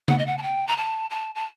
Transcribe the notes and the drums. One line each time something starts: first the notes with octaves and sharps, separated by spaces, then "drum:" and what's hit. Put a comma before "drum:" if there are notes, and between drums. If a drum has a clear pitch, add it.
F#5, drum: tom C#3
D#5
F#5
A5
G5
A#5
A5
A5
A5